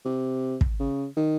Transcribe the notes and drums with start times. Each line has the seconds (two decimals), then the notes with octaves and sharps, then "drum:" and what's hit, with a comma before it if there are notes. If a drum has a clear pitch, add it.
0.05 C3
0.61 drum: kick
0.80 C#3
1.17 D#3